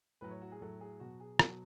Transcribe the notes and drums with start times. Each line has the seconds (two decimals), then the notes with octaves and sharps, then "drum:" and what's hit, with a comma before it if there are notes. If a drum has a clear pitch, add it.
0.21 A2 F#3 B4
0.31 C#5
0.42 F#4
0.52 G#4
0.61 A2 F#3 A4
0.81 G#4
1.00 B2 F#3 F#4
1.20 G#4
1.39 B2 F#3 F#4, drum: rim click